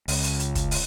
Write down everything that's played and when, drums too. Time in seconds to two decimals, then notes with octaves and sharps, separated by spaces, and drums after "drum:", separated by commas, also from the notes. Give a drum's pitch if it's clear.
0.08 C#2, drum: open hi-hat
0.24 drum: hi-hat
0.40 drum: hi-hat
0.55 drum: kick, hi-hat
0.71 drum: open hi-hat